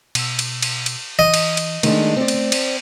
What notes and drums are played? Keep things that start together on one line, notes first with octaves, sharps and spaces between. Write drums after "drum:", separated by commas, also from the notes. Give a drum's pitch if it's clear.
B2 E6, drum: cymbal
drum: cymbal
drum: cymbal
drum: cymbal
E3 D#5
drum: cymbal
drum: cymbal
D#3 G#3 A3 D4, drum: cymbal
C4 D5
drum: cymbal
drum: cymbal